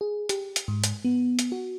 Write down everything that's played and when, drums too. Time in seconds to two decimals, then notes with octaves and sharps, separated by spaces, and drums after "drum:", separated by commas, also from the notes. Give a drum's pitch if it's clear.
0.01 G#4
0.29 G4, drum: hi-hat
0.56 drum: hi-hat
0.68 G#2
0.84 drum: hi-hat
1.05 B3
1.39 drum: hi-hat
1.52 F#4